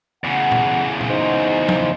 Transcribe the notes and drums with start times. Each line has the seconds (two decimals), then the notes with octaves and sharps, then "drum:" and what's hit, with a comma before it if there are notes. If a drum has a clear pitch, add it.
0.24 E2 C#3 F#5
0.52 drum: tom A#2
1.01 drum: tom A#2
1.10 C#2 D#4 F#4 C5
1.69 drum: tom